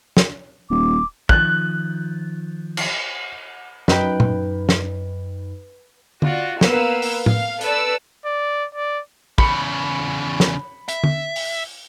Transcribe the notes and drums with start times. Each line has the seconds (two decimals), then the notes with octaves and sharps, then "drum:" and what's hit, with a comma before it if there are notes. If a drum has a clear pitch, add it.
0.17 drum: snare
0.70 D#1 D6
1.29 D#3 F3 F#6, drum: kick
2.77 drum: cymbal
3.88 F#2 D#4 B4 G5 B5, drum: snare
4.20 drum: tom A#2
4.69 drum: snare
6.22 F4 F#4 D5, drum: tom D3
6.61 A#3 B3 B4 F5 E6, drum: snare
7.02 drum: open hi-hat
7.26 F5, drum: tom A2
7.61 A4 B4 D5 E6, drum: hi-hat
8.26 D5
8.75 D5
9.38 E2 C#3 B5 C#7, drum: kick
10.40 drum: snare
10.89 E5, drum: hi-hat
11.04 drum: tom D3
11.36 drum: open hi-hat